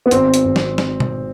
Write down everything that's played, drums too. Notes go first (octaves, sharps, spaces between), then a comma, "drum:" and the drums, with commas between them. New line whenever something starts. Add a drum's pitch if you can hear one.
B3
G#1 C4, drum: hi-hat
drum: hi-hat
G#1
drum: snare
drum: snare
drum: tom B2